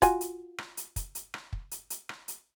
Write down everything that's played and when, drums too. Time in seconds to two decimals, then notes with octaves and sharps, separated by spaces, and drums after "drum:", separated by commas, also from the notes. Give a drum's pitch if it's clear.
0.02 F4 F#4 G#5, drum: kick, hi-hat
0.21 drum: hi-hat
0.58 drum: rim click
0.77 drum: hi-hat
0.96 drum: kick, hi-hat
1.15 drum: hi-hat
1.34 drum: rim click
1.53 drum: kick
1.71 drum: hi-hat
1.90 drum: hi-hat
2.09 drum: rim click
2.28 drum: hi-hat